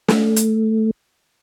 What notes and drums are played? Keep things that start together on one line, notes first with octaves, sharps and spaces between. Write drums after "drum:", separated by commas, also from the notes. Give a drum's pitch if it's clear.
A3, drum: snare
drum: hi-hat